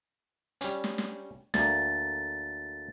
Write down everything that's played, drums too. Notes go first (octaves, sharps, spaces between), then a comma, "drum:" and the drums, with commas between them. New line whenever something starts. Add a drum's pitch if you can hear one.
G3 C#4, drum: hi-hat
drum: snare
drum: snare
D2 A#3 A6, drum: snare